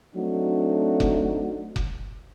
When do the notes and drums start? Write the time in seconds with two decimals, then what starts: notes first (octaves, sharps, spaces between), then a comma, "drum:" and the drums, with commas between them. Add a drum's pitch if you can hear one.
0.14 F#3 A3 C4 D4 D#4 F#4
1.00 drum: kick F1
1.76 drum: kick F1